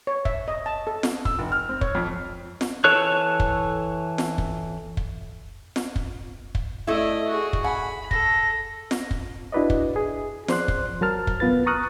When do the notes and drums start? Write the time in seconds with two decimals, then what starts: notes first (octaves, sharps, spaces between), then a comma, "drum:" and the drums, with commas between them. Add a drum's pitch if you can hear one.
0.07 C#5
0.25 E5, drum: kick
0.48 D#5
0.66 A5
0.87 A4
1.03 drum: snare F4
1.25 E6, drum: kick
1.39 F1
1.52 F6
1.69 C4
1.81 C#5, drum: kick
1.95 F2
2.61 drum: snare F4
2.84 E3 A4 C#5 F#6
3.40 drum: kick
4.18 drum: snare F4
4.38 drum: kick
4.97 drum: kick
5.76 drum: snare F4
5.96 drum: kick
6.55 drum: kick
6.87 A3 E4 D5 D#5
7.28 F#4 G#4
7.53 drum: kick
7.64 F#5 G#5 B5
8.11 A4 A#6, drum: kick
8.91 drum: snare F4
9.11 drum: kick
9.52 D4 E4 F#4 B4 D5 D#5
9.70 drum: kick
9.96 G#4
10.48 F3 C5 D5 C6 F#6, drum: snare F4
10.68 drum: kick
11.01 F#3 A#4 A5 F6
11.27 drum: kick
11.40 C2 B3 F4 B4 A6
11.66 A#5 C#6 D#6 F6 F#6